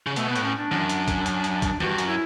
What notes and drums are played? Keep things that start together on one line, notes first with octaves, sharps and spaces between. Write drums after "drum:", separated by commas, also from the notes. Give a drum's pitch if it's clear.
C#3
B2 A3, drum: hi-hat
B3
A2, drum: hi-hat
C#4
D4
F#2, drum: snare
drum: hi-hat
drum: kick, hi-hat
drum: hi-hat
drum: hi-hat
drum: kick, hi-hat
G2 F#4, drum: snare
F#2, drum: hi-hat
E4